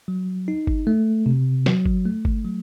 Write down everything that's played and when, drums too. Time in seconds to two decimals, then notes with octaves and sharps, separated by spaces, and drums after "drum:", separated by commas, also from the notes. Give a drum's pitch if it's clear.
0.08 F#3
0.48 D#4
0.67 drum: kick G1
0.87 A3
1.26 C3
1.66 F#3, drum: snare
1.86 drum: kick G1
2.05 A3
2.25 drum: kick G1
2.44 F#3